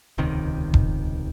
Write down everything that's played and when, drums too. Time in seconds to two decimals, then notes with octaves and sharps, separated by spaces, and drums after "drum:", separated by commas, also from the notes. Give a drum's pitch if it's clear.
0.18 D#1 C#2 C3 D#3
0.74 drum: kick E1